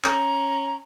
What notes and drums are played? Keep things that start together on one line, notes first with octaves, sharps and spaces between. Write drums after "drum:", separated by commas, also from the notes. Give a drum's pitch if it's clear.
C#4 A#5, drum: clap